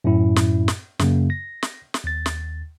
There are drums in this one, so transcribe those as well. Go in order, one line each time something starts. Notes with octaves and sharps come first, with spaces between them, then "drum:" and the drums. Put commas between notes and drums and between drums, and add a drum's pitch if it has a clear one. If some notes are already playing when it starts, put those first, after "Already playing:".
F#2 A2 C#4 E4
drum: snare
drum: snare
F#2 C#3 A#3, drum: snare
A#6
drum: snare
drum: snare
D#2 A6
drum: snare